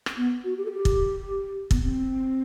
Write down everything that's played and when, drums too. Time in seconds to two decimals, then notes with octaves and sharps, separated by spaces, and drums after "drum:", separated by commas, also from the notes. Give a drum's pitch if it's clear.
0.06 drum: rim click
0.17 B3
0.44 F#4
0.58 G4
0.65 A4
0.72 G4
0.85 drum: kick
1.71 B3, drum: kick
1.81 C4